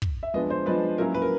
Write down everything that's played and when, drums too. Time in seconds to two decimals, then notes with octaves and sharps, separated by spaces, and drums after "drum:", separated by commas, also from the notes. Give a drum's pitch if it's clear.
0.02 drum: kick
0.23 E5
0.34 F3 G#3 B3 D4 D#5
0.50 C5
0.66 F3 G#3 B3 D4 B4
0.98 F#3 A#3 C#4 E4 A#4
1.14 B4
1.22 A#4